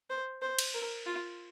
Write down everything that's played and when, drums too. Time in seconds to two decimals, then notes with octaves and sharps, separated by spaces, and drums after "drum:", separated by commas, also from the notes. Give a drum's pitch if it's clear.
0.10 C5
0.42 C5
0.59 drum: cymbal
0.74 A#4
1.06 F4